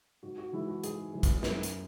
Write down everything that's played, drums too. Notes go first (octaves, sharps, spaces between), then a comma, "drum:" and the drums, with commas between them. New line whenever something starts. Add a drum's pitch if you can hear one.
G#2 F#4
F#4
E3 G#3 E4
F#4
G#2 G#4, drum: hi-hat
E3 G#3
drum: kick, hi-hat
F#2, drum: snare
drum: hi-hat